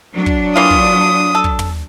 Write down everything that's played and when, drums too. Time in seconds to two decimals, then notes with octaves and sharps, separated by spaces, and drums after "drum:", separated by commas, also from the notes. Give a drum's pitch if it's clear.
0.14 F#3 D4
0.26 drum: kick
0.56 E3 A#3 F4 D#6
0.70 drum: kick
1.35 A4
1.44 drum: kick
1.59 drum: tom